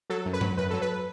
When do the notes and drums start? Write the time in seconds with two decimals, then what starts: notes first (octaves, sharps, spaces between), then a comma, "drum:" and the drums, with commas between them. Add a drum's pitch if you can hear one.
0.10 F#3 A4
0.26 F#2
0.33 B4
0.41 F#3, drum: tom G2
0.57 F#2 B4
0.71 F#3 A4
0.82 B4